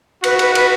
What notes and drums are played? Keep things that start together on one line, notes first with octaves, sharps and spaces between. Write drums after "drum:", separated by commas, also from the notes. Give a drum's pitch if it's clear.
F#4 B4, drum: cymbal
B4, drum: cymbal
B4, drum: cymbal